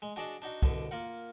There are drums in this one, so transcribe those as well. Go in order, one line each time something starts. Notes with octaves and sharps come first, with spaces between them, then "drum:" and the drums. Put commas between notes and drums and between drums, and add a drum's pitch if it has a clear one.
G#3
D4 F#4 G#4 D5 D#5 A5
D4 D#4 F#4
C2 B2 D3, drum: kick
A#3 F4 A#4 F#5